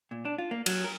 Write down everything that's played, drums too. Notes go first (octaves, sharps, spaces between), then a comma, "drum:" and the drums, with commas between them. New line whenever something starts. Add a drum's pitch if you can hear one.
A#2
D4
F4
A#3
F#3, drum: cymbal
A#4